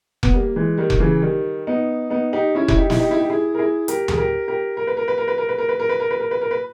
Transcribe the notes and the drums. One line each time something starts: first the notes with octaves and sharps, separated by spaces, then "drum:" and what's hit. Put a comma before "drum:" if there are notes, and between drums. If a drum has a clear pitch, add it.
B3, drum: kick F1
G3 A#3
E3 G#3
D#3 G3
drum: kick F1
C#3 E3
D#3 G3
B3 D#4
B3 D#4
D#4 G4
C#4 E4
E4, drum: kick F1
D#4 G4
E4, drum: snare
D#4 G4
E4
G4
E4 G#4
A#4
E4 G#4
G4 A#4, drum: hi-hat
G#4, drum: tom D2
G4 A#4
G4 A#4
A#4
B4
A#4
B4
A#4
B4
A#4
B4
A#4
B4
A#4
B4
A#4
B4
A#4
B4
A#4
B4